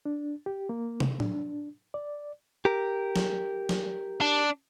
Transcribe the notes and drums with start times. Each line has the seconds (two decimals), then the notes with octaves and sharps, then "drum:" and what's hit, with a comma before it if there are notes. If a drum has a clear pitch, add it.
0.06 D4
0.46 G4
0.69 A#3
1.00 drum: tom
1.20 D4, drum: tom
1.94 D5
2.65 G4 A#4
3.16 drum: snare
3.69 drum: snare
4.21 D4